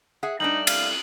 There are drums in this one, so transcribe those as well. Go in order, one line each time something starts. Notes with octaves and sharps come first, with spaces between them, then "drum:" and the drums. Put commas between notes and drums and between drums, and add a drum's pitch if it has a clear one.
G#4 E5 F#5
G3 A3 D4 D#4 F#7
F5, drum: cymbal